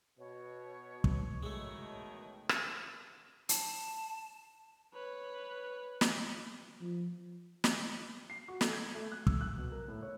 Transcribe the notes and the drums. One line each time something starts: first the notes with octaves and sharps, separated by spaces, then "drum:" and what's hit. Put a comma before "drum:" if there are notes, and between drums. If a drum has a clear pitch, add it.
B2 C#5
drum: kick
B2 D#3 E3 G#3 A3
drum: rim click
A5, drum: hi-hat
B4 C#5
drum: snare
F3
drum: snare
C7
F#4
A4, drum: snare
G#6
A3
F#6
E6, drum: kick
F#6
B2
A#4
A2
C#5